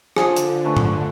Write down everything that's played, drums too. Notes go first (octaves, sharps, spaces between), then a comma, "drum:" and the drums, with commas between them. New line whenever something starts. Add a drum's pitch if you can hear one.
D3 F3 D4 G#4, drum: rim click
drum: hi-hat
A3 C#4 B4
drum: tom A2